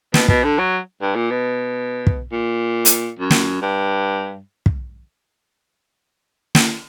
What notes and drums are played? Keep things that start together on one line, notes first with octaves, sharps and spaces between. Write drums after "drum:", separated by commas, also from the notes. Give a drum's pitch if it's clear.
B2, drum: snare
B2, drum: kick
D3
F#3
G2
A#2
B2
drum: kick
A#2
drum: hi-hat
F#2
drum: snare
G2
drum: kick
drum: snare